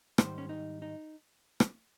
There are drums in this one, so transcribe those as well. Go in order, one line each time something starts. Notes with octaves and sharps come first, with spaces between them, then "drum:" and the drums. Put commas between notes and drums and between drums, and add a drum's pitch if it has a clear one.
G#2 D#3 G3 C5, drum: rim click
C#4
D#4
D#4
drum: rim click